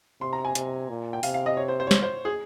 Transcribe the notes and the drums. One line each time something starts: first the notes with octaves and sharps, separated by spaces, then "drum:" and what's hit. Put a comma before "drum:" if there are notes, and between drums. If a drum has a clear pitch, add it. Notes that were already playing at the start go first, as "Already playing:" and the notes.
C3 C6
A#5
G#5
C3, drum: hi-hat
A#2
G5
C3 F5, drum: open hi-hat
F5
D#5
C#5
C5
C5
C#5
C5, drum: snare
C5
G#4